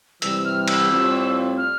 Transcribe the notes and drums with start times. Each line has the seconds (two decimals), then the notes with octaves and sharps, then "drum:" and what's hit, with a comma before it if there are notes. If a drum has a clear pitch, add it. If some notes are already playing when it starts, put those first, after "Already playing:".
0.22 C3 E3 G3 E6, drum: hi-hat
0.45 F6
0.68 E6, drum: cymbal
0.90 A2 G3 C4 F4
1.58 F6